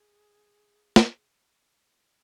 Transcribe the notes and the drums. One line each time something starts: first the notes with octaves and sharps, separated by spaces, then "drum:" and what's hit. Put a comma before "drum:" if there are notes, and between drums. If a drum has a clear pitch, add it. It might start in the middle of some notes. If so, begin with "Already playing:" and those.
Already playing: G#4
drum: snare